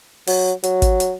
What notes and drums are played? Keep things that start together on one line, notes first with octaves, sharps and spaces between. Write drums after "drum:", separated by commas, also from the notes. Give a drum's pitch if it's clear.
F#3, drum: open hi-hat
F#3, drum: hi-hat
drum: kick, hi-hat
drum: hi-hat